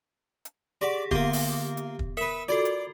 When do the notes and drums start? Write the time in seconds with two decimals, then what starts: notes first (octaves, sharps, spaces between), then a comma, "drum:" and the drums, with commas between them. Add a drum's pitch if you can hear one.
0.45 drum: hi-hat
0.81 G4 G#4 D5 F#5
1.11 D3 A#3 B3 F4 G4, drum: kick
1.33 drum: open hi-hat
1.77 drum: hi-hat
1.99 drum: kick
2.17 A#4 B4 E5
2.48 F4 F#4 A4 D5
2.65 drum: hi-hat